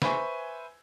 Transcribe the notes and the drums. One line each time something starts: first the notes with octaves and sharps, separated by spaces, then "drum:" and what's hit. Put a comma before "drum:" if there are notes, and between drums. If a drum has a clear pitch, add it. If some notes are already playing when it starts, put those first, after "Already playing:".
B4 C5 E5 G#5 C#6, drum: snare